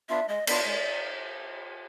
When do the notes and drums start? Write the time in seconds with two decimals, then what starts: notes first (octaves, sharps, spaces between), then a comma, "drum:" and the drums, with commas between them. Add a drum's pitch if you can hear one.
0.09 B3 D4 F4 E5
0.28 G#3 D#5
0.47 B3 D4 F4 D5, drum: cymbal
0.66 G#3 D5